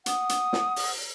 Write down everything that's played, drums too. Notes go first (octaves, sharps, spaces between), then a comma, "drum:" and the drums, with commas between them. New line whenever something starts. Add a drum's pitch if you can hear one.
F#5 D#6, drum: hi-hat
drum: hi-hat
drum: snare
drum: open hi-hat